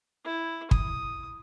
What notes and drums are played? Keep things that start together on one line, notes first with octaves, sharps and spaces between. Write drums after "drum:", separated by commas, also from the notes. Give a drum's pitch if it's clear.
E4
D#6, drum: kick